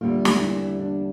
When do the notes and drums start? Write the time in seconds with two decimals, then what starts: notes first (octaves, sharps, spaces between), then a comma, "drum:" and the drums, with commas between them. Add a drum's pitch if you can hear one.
0.01 E2 D3 G3 A#3 F4
0.25 drum: snare
0.40 E4
0.79 D4